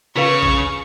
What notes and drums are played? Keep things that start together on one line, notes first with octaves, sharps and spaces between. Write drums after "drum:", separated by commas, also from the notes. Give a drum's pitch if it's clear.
C#3 F4 B4 F5 C#6
drum: kick A#1